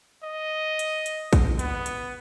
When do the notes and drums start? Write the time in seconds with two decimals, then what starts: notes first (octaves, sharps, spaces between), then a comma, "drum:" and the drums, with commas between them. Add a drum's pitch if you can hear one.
0.24 D#5
0.79 drum: hi-hat
1.06 drum: hi-hat
1.33 drum: kick, hi-hat
1.59 B3, drum: hi-hat
1.86 drum: hi-hat